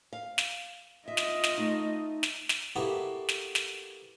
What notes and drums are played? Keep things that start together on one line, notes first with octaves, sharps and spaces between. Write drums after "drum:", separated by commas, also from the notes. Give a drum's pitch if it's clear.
F5
drum: snare
F4 D#5 E5
drum: snare
drum: snare
A3 D#4
drum: snare
drum: snare
A#3 B3 E4 F#4 G4 A4
drum: snare
drum: snare